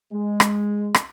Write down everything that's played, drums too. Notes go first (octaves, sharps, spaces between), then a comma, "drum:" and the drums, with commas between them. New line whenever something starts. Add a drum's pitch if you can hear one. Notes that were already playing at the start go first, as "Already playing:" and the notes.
G#3
drum: rim click
drum: rim click